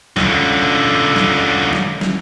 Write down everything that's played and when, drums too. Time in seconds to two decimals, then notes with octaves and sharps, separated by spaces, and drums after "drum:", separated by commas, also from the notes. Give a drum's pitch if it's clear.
0.17 C#2 D3, drum: snare
1.16 drum: snare
1.73 drum: snare
2.01 drum: snare